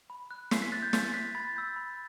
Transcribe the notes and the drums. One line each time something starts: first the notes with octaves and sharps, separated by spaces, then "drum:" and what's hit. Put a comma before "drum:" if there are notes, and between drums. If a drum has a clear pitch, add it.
B5
F#6
C6 C7, drum: snare
B6
F#6 A6
G6
C6 A6, drum: snare
F#6 B6
B5 A6
E6 G6
B5